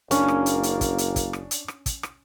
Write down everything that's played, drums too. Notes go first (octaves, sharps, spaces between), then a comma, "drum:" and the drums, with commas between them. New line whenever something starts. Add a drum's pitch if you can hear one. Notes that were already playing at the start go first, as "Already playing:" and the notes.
F#1 A#3 C#4 D4, drum: hi-hat
drum: rim click
drum: hi-hat
drum: hi-hat
drum: kick, hi-hat
drum: hi-hat
drum: kick, hi-hat
drum: rim click
drum: hi-hat
drum: rim click
drum: kick, hi-hat
drum: rim click